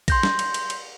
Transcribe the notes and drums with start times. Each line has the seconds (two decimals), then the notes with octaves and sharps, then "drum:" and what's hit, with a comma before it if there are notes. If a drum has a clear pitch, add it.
0.08 C6 G6 A#6, drum: kick A#1, cymbal
0.23 drum: snare
0.39 drum: cymbal
0.54 drum: cymbal
0.70 drum: cymbal